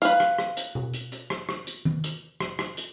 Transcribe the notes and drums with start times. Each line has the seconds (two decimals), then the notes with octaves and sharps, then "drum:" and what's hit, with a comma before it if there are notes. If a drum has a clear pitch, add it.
0.02 B4 F5, drum: hi-hat
0.20 drum: rim click
0.38 drum: rim click
0.57 drum: hi-hat
0.75 drum: tom B2
0.94 drum: hi-hat
1.12 drum: hi-hat
1.30 drum: rim click
1.49 drum: rim click
1.67 drum: hi-hat
1.85 drum: tom D#3
2.04 drum: hi-hat
2.40 drum: rim click
2.59 drum: rim click
2.77 drum: hi-hat